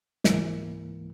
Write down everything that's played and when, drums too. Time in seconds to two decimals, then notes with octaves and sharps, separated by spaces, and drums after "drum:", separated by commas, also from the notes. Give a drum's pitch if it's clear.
0.24 C#2 G#2 E3 A#3, drum: snare